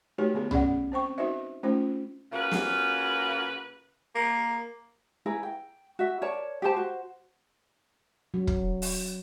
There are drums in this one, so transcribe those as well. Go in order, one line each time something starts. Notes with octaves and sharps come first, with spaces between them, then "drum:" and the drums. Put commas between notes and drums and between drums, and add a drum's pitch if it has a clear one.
A3 D#4 F#4 G4 B4 C#5
D3 B3 G#4 B4
C#4 G#4 D5 F#5, drum: tom B1
C4 C5 G5 C#6
D#4 F#4 B4 C5 D#5 E5
A3 C#4 D#4 F4 C5
C#3 A#3 F4 F#4 B4
drum: snare
A#3
E4 G#4 A#4 B4
G5
F#4 E5
A#4 C#5 D5 A5
G4 G#4 C5 A5
F#4 C5
F#3
drum: kick
drum: open hi-hat